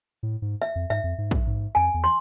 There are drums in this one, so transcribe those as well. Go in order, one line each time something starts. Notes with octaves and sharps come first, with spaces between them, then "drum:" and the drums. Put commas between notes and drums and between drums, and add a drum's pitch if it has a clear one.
A2
G#2
E5
F2
G#2 E5
F2
G#2
drum: kick
G#2
F2 G#5
E2
C6